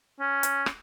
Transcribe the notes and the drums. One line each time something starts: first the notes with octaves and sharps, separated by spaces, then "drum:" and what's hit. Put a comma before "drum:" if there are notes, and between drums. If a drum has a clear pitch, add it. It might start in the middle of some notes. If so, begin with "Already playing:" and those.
C#4
drum: hi-hat
drum: rim click